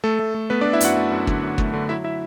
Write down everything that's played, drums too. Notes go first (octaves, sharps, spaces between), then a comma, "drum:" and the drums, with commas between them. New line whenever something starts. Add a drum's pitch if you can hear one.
A3 A4
A3
A3
A3 B3 B4
D4 D5
A3
E4 E5
F#2 F#4 F#5, drum: hi-hat
A3
F#2
D3, drum: kick
F#2
A3, drum: kick
D3
F#3 E4 E5
E4 E5